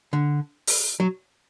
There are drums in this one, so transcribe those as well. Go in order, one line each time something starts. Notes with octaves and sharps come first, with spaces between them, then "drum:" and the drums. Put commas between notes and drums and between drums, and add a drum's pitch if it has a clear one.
D3
drum: open hi-hat
F#3